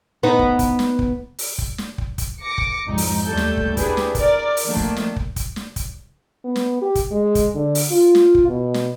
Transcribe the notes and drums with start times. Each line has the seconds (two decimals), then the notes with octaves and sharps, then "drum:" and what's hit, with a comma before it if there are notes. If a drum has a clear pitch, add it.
0.23 B3 D#4
0.39 drum: kick
0.59 drum: kick, hi-hat
0.79 drum: snare
0.99 drum: kick
1.38 drum: open hi-hat
1.58 drum: kick
1.78 drum: snare
1.98 drum: kick
2.18 drum: kick, hi-hat
2.43 D6 A#6 C#7
2.58 drum: kick
2.85 C2 F2 G#2 F3 D#4
2.98 drum: open hi-hat
3.25 D#2 G3 A3 A4 G6
3.37 drum: snare
3.57 drum: kick
3.77 D4 E4 G4 G#4 B4, drum: kick, hi-hat
3.97 drum: snare
4.15 A#4 D5, drum: kick, hi-hat
4.57 drum: open hi-hat
4.67 D#3 F3 A3 A#3 D4
4.77 drum: kick
4.96 drum: snare
5.16 drum: kick
5.36 drum: kick, hi-hat
5.56 drum: snare
5.76 drum: kick, hi-hat
6.45 B3
6.56 drum: snare
6.82 G4
6.95 drum: kick, hi-hat
7.12 G#3
7.35 drum: kick, hi-hat
7.55 D3
7.75 drum: open hi-hat
7.91 F4
8.15 drum: snare
8.35 drum: kick
8.48 B2
8.74 drum: snare